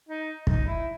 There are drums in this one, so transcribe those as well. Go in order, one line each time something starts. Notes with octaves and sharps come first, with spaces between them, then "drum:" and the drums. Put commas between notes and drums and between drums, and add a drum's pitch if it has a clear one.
D#4
D#4, drum: kick
E4